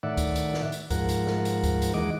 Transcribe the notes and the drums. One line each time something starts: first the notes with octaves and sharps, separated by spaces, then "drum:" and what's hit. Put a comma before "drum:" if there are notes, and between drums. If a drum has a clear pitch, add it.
A2 D#3 D5 E5 F#5
drum: kick D2, hi-hat
drum: hi-hat
drum: snare
drum: hi-hat
G#2 F3 A#4 F#5, drum: kick D2, hi-hat
drum: hi-hat
drum: snare
drum: hi-hat
drum: kick D2, hi-hat
drum: hi-hat
D#2 E3 G#3 D#5 F#5 D6